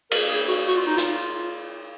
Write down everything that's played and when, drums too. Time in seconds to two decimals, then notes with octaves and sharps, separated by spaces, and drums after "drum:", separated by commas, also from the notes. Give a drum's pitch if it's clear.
0.11 A#4, drum: cymbal
0.30 G#4
0.49 F#4
0.68 F#4
0.77 F4
0.87 D#4
0.98 F4, drum: hi-hat